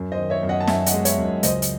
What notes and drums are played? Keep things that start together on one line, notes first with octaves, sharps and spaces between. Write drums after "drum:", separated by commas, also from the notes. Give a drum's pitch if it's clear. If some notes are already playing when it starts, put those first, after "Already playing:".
Already playing: F#2
C5 D#5
D#3
C#5 E5
F#2
D#5 F#5
A5
F#2 E5 G#5, drum: snare
D#5 F#5, drum: hi-hat
G#3
C#5 E5, drum: hi-hat
F#2
C#2 C5 D#5, drum: hi-hat
drum: hi-hat